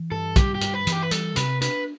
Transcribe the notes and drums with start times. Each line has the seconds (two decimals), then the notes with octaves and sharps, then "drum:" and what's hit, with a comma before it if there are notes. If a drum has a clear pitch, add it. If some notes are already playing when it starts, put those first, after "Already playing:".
Already playing: E3
0.11 G2 A4
0.36 G3 G4, drum: kick, hi-hat
0.55 G4
0.61 G2, drum: hi-hat
0.74 B4
0.87 E3, drum: hi-hat
0.92 G4
1.02 B4
1.11 G3 A4, drum: hi-hat
1.36 C3 B4, drum: hi-hat
1.62 D4 B4, drum: hi-hat